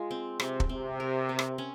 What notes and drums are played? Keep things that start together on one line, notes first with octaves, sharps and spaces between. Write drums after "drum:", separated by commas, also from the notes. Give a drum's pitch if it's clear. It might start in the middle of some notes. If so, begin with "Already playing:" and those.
Already playing: G#3 F4
C4
C3 C4, drum: rim click
drum: kick
C3 C4
A#4
C4
drum: rim click
C#4